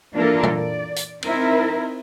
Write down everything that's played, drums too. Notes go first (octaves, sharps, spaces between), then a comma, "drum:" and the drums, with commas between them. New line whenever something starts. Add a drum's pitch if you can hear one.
E3 A#3 D4 F4 A4 A#4
drum: tom A#2
D5
drum: hi-hat
C4 D#4 E4 A#4, drum: cymbal